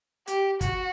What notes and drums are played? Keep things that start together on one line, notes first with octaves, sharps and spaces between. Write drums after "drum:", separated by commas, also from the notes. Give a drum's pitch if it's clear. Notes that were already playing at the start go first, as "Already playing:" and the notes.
G4, drum: hi-hat
F#4, drum: kick, hi-hat